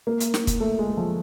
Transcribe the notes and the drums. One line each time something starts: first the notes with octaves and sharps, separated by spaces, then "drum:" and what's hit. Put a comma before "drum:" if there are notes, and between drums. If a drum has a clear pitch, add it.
A#3
drum: hi-hat
drum: snare
drum: kick, hi-hat
A3
G#3
F3